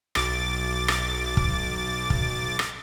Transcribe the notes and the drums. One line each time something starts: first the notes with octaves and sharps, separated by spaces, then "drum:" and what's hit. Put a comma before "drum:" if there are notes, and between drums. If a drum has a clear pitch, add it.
B1 D6 A6, drum: rim click
drum: rim click
drum: kick
drum: kick
drum: rim click